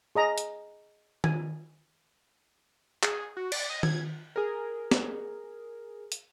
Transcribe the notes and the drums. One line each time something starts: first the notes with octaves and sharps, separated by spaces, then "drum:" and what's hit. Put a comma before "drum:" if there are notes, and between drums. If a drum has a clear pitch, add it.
G#4 D#5 A#5
drum: hi-hat
G#5, drum: tom D#3
G#4, drum: clap
F#4
D5, drum: cymbal
D#5
G#6, drum: tom D#3
G#4 A#4
drum: snare
drum: hi-hat